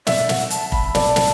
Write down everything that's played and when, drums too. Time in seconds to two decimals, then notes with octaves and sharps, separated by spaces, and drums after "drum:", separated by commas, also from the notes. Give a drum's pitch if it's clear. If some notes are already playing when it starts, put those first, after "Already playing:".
0.07 D5 E5, drum: snare
0.29 F#5, drum: snare
0.50 A5, drum: hi-hat
0.72 B5, drum: kick F1
0.95 D5 A5, drum: snare
1.16 drum: snare